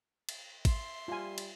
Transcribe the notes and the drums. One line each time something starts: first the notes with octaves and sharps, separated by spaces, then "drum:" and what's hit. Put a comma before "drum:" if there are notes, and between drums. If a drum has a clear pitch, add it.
drum: cymbal
E5 C6, drum: kick A1, cymbal
G3 F4 G#5
drum: cymbal